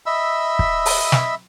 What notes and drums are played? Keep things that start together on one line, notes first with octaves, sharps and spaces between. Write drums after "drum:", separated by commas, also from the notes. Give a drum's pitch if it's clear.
D#5 E5 B5 E6
drum: kick
drum: open hi-hat
drum: snare